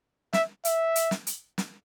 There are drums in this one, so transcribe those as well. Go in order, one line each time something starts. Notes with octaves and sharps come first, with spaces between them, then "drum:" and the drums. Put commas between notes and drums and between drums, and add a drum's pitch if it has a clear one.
E5, drum: snare
E5, drum: hi-hat
drum: hi-hat
drum: snare
drum: hi-hat
drum: snare